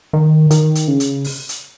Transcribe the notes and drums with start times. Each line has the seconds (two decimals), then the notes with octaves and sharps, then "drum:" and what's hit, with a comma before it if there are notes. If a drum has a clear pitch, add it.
0.13 D#3
0.51 D#3, drum: hi-hat
0.75 drum: hi-hat
0.88 C#3
1.00 drum: hi-hat
1.24 drum: open hi-hat
1.49 drum: hi-hat